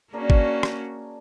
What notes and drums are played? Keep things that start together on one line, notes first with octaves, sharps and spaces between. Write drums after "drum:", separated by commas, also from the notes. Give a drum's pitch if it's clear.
A#3 C#4 D4 F#4 G#4 A#4
drum: kick G#1
drum: rim click